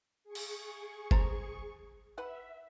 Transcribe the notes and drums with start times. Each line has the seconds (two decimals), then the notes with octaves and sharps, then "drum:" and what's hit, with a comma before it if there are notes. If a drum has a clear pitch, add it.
0.24 G#4 C#6
0.35 drum: cymbal
1.11 A4 C5 A#5, drum: kick F#1
2.18 B4 E5 F#5